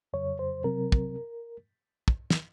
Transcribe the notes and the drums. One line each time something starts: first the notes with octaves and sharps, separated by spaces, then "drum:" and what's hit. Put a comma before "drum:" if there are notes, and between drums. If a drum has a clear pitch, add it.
F2 C#3 F#3 C#5
C5
C3 F#3 C4 A#4
drum: kick
drum: kick
drum: snare